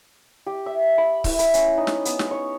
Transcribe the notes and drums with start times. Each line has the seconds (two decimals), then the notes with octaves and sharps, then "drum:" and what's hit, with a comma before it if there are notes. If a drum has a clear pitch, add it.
0.46 G4
0.66 E5
0.98 B5
1.24 E4, drum: kick C#1, open hi-hat
1.39 B4, drum: hi-hat
1.54 C#4, drum: hi-hat
1.78 D#4
1.87 drum: snare
2.05 B3, drum: hi-hat
2.19 drum: snare
2.31 C#5